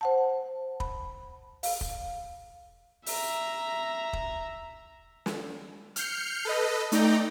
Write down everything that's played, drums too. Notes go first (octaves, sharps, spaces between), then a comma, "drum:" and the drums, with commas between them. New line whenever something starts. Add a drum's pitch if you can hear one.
C5 F#5 A5
B5, drum: kick
F5, drum: open hi-hat
drum: kick
E5 A#5, drum: open hi-hat
drum: kick
drum: snare
F6 G6 C7 C#7, drum: hi-hat
A4 B4 D#5
A3 D#4 D5 G5 A#5, drum: hi-hat